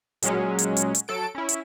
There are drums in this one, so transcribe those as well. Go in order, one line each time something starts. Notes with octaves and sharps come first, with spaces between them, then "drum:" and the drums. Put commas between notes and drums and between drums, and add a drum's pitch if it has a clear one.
A#2 F#3 G#3 C#4, drum: hi-hat
drum: hi-hat
drum: hi-hat
drum: hi-hat
F#3 A4 D7
C#4 E4
drum: hi-hat